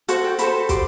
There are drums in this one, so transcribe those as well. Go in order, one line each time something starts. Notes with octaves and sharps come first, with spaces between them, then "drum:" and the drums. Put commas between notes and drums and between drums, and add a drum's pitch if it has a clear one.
F#4 A4 C5 F#5, drum: hi-hat
G5
F#4 A4 C5 B5, drum: hi-hat
G4 D5 C6, drum: kick, hi-hat